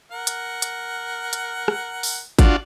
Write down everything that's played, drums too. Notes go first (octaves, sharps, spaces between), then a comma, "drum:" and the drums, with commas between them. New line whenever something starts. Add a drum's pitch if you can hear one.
A#4 F#5
drum: hi-hat
drum: hi-hat
drum: hi-hat
drum: rim click
drum: open hi-hat
D4 F4 F#4, drum: kick G#1, hi-hat